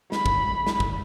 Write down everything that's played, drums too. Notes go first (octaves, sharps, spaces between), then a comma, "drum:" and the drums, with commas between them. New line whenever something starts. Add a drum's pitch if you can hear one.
B5, drum: snare
drum: kick
drum: snare
drum: kick